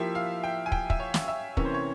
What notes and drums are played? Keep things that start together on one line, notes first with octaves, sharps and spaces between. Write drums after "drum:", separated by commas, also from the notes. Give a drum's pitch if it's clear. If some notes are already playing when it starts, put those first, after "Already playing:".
Already playing: F3 A#3 E4 G4 E5
F5
G5
G#5
G5, drum: kick
E5, drum: kick
C#5
drum: snare
E5
C3 E3 A#3 C#4 C#5, drum: kick
C5
C#5